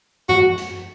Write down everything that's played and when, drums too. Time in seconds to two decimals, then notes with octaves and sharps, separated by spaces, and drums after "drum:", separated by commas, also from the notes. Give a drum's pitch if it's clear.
0.29 F#4, drum: tom F#2
0.58 drum: hi-hat